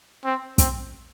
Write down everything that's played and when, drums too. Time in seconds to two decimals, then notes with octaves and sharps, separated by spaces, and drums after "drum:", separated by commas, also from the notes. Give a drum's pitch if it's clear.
0.24 C4
0.58 C4, drum: kick, hi-hat